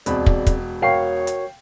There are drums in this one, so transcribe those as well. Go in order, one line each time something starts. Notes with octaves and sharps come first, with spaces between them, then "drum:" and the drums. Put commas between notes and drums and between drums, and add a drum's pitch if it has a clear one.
E1 D2 B2 C4 G#4 D5 B5, drum: hi-hat
drum: kick
drum: kick, hi-hat
F#4 A#4 C#5 F5 G5 C#6 C7
drum: hi-hat